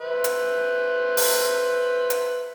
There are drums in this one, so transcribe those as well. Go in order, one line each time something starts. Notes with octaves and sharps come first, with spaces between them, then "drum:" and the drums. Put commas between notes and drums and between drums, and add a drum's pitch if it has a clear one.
B4 C5 E5
drum: hi-hat
drum: open hi-hat
drum: hi-hat